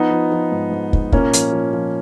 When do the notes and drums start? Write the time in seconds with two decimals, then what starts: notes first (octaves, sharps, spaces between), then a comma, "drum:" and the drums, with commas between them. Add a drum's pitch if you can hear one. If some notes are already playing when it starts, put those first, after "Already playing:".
Already playing: F3 B3 D#4
0.11 F3
0.32 F3
0.52 G#2
0.71 G#2
0.93 G#2, drum: kick
1.12 A#2 A#3 C#4, drum: kick
1.34 F3, drum: hi-hat
1.53 F3
1.73 F3